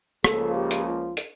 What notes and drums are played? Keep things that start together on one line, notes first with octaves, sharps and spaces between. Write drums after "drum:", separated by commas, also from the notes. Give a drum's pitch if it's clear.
C#2 C#3 F3 A#3 A4, drum: rim click
G4
drum: hi-hat
F4
drum: hi-hat